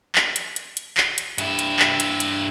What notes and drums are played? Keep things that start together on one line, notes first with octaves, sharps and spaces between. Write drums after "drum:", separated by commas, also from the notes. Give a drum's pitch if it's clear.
drum: clap
drum: hi-hat
drum: hi-hat
drum: hi-hat
drum: clap
drum: hi-hat
G2 E4, drum: hi-hat
drum: hi-hat
drum: clap
drum: hi-hat
drum: hi-hat